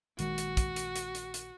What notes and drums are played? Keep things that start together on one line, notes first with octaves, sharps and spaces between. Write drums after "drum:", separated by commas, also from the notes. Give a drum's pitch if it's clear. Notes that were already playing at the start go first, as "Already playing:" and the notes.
A#1 D#3 G#3 F#4, drum: hi-hat
drum: hi-hat
drum: kick, hi-hat
drum: hi-hat
drum: hi-hat
drum: hi-hat
drum: hi-hat